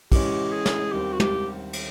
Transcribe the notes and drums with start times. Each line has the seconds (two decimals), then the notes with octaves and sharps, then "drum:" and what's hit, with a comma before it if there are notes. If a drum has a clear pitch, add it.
0.12 E3 G#3 C#4 G4, drum: kick, cymbal
0.52 G#4
0.66 drum: snare
0.92 D#2 D#3 G3 C4 G4
1.13 F#4
1.20 G4, drum: tom
1.73 drum: cymbal